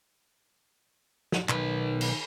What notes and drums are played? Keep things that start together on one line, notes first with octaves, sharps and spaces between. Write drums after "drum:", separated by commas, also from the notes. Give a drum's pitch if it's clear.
drum: snare
B1 D#3 B4, drum: clap
drum: cymbal